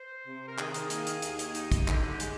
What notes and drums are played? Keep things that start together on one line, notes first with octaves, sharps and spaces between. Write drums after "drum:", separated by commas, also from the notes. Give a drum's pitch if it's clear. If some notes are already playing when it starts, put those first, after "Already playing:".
Already playing: C5
C3
A#4
D#3 G#4, drum: clap
drum: hi-hat
A#3, drum: hi-hat
drum: hi-hat
D#2, drum: hi-hat
drum: hi-hat
D#4, drum: hi-hat
drum: kick, hi-hat
D3 G4, drum: clap
G4
G#3, drum: hi-hat